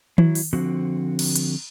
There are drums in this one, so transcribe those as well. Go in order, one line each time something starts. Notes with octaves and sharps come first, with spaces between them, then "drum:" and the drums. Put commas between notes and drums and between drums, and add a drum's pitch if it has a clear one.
F#3 E4, drum: tom D#3
drum: open hi-hat
D3 F3 C4 F#4
drum: cymbal
drum: hi-hat